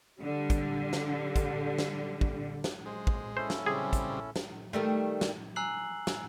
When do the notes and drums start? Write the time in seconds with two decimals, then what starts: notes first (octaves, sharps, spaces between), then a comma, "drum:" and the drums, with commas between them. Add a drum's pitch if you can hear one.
0.20 D3 G3
0.50 drum: kick, hi-hat
0.93 drum: snare
1.36 drum: kick, hi-hat
1.78 drum: snare
2.21 drum: kick
2.64 drum: snare
2.86 G#3 C5
3.07 drum: kick
3.37 C#4 E4 A4 C5
3.50 drum: snare
3.66 C#3 G3 C4 G#4
3.93 drum: kick, hi-hat
4.36 drum: snare
4.73 D#3 G3 A3
5.21 drum: snare
5.56 G#5 A#5 E6 F#6 C7 F#7
6.07 drum: snare